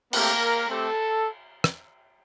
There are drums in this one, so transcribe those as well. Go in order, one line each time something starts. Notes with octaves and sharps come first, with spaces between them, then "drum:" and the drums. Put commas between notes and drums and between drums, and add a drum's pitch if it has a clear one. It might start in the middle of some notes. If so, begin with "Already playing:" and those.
A3 A#3 C4 G4 A#4, drum: cymbal
A3 C4 G4 A4
drum: rim click